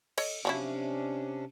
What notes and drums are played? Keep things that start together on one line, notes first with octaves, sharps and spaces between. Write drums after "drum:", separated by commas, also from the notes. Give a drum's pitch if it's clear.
A4 C#5 D#5, drum: cymbal
C3 F3 F#3 C#4 D4 E4